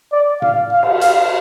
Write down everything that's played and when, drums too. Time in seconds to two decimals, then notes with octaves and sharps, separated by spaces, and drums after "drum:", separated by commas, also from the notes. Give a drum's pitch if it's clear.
0.12 D5
0.42 F5, drum: tom A2
0.72 F5
0.83 drum: cymbal
1.01 F5, drum: hi-hat